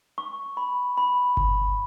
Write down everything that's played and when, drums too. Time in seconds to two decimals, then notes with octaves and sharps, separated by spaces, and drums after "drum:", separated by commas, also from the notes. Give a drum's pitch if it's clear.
0.18 C#6
0.57 B5
0.97 B5
1.37 drum: kick G1